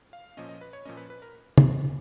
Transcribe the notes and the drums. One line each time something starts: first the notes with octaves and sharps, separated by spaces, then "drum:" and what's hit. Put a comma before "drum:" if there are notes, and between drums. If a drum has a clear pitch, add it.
F5
A#2 F3 A#3 C#4 D#5
D#5
B4
C#5
A#2 F3 A#3 C#4 D#5
B4
B4
A#4
drum: tom